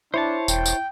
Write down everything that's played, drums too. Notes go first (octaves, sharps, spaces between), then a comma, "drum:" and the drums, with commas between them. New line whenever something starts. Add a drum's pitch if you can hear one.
D4 E4 C5 C#5 A5
E1 G5, drum: tambourine
drum: tambourine